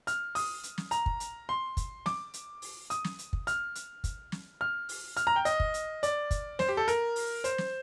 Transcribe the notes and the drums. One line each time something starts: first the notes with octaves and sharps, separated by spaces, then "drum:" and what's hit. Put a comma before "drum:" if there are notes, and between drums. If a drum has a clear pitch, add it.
F6, drum: hi-hat
D#6, drum: open hi-hat
drum: hi-hat
drum: snare
A#5, drum: hi-hat
drum: kick
drum: hi-hat
C6
drum: kick, hi-hat
D6, drum: snare
drum: hi-hat
drum: open hi-hat
D#6, drum: hi-hat
drum: snare
drum: hi-hat
drum: kick
F6, drum: hi-hat
drum: hi-hat
drum: kick, hi-hat
drum: snare
F6
drum: open hi-hat
F6, drum: hi-hat
A#5
G5
D#5, drum: hi-hat
drum: kick
drum: hi-hat
D5, drum: hi-hat
drum: kick, hi-hat
C5, drum: snare
G4
A4
A#4, drum: hi-hat
drum: open hi-hat
C5, drum: hi-hat
drum: snare